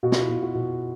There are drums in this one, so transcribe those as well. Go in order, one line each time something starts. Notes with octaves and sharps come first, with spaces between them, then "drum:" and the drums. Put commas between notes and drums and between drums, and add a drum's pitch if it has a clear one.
B2 F#4
F4, drum: snare
E4
B2 F4
F#4
B2